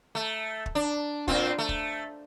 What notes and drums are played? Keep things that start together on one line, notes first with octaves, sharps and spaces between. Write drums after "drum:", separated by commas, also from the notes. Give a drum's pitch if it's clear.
A3
drum: kick
D4
A#2 C4 F4, drum: kick
A3
drum: kick